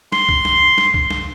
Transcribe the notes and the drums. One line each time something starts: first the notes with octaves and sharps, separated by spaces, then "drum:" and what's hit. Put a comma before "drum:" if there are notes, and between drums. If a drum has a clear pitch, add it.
C6, drum: snare
drum: kick
drum: snare
drum: snare
drum: kick
drum: snare